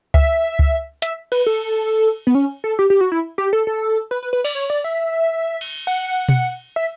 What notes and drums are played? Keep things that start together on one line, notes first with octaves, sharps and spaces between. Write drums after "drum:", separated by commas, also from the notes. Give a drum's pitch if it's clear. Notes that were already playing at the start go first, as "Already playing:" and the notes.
E5, drum: kick C#2
drum: kick C#2
E5, drum: hi-hat
B4, drum: cymbal
A4
B3
C#4
A4
G4
G4
F#4
E4
G4
A4
A4
B4
B4
B4
D5, drum: cymbal
C#5
D5
E5
drum: cymbal
F#5
drum: tom B2
E5